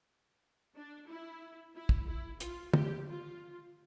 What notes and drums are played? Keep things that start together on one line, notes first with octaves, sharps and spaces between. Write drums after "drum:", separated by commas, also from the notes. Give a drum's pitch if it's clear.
D4
E4
E4
drum: kick
E4
F4, drum: hi-hat
G4, drum: tom
F4